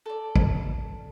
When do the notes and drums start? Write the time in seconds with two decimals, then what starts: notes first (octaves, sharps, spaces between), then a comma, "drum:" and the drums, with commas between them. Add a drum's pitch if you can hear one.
0.06 A4 D5
0.36 drum: kick